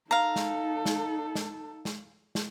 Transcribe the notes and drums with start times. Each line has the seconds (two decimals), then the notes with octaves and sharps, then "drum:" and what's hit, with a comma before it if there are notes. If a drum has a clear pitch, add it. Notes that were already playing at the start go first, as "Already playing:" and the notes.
0.11 D#4 A4 F5 A#5
0.36 drum: snare
0.86 drum: snare
1.35 drum: snare
1.85 drum: snare
2.35 drum: snare